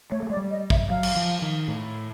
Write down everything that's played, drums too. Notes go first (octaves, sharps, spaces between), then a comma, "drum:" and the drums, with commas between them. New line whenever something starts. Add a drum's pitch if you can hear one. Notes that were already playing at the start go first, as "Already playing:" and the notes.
A3 C#5
A3
G#3 D5
G3
D#5
E5, drum: kick
F#3 F5
drum: cymbal
F3
D#3
A2